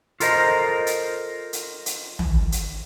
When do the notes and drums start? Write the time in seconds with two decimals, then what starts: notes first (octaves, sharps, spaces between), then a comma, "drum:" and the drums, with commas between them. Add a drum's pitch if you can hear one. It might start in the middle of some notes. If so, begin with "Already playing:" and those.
0.20 F4 A4 A#4 C5 D#5, drum: hi-hat
0.87 drum: hi-hat
1.53 drum: hi-hat
1.86 drum: hi-hat
2.19 drum: tom
2.52 drum: hi-hat